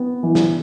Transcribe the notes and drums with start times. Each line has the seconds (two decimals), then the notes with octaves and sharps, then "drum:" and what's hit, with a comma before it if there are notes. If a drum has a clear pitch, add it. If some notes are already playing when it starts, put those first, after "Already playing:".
Already playing: B3
0.23 E3
0.35 drum: snare